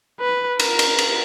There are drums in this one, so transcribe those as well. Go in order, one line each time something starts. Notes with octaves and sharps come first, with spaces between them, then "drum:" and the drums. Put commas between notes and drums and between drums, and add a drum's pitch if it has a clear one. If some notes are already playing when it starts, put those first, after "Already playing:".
B4
A#4, drum: cymbal
drum: cymbal
drum: cymbal